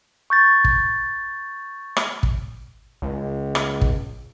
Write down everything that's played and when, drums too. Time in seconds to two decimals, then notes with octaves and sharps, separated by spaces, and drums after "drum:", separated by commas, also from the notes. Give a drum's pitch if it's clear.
0.30 C#6 G6 A6
0.64 drum: kick
1.97 drum: rim click
2.23 drum: kick
3.02 C#2
3.55 drum: rim click
3.81 drum: kick